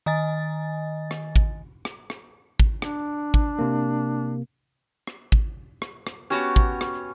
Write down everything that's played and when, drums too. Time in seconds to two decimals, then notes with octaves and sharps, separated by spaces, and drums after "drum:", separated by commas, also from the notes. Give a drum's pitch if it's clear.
0.06 D#3 D#5 G#5 A6
1.11 drum: rim click
1.36 drum: kick
1.85 drum: rim click
2.10 drum: rim click
2.60 drum: kick
2.82 D4, drum: rim click
3.34 drum: kick
3.59 C3 A#3
5.07 drum: rim click
5.32 drum: kick
5.82 drum: rim click
6.07 drum: rim click
6.30 B3 C#4 F#4 G4
6.56 drum: kick
6.81 drum: rim click